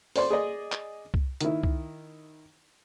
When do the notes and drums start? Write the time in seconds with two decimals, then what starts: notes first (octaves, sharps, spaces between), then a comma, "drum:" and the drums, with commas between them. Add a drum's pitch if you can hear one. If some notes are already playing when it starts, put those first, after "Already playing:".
0.16 C5 D5 C6, drum: open hi-hat
0.30 G#4 D5 D#5
0.72 drum: clap
1.14 drum: kick
1.41 D#3 E4, drum: hi-hat
1.63 drum: kick